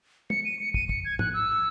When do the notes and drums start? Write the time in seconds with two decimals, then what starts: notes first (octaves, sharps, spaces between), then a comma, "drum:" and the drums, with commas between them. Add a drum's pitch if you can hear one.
0.30 C#7, drum: tom
0.45 D#7
0.59 C#7
0.74 D#7, drum: kick
0.89 C#7, drum: kick
1.05 G#6
1.19 F#6, drum: tom
1.34 E6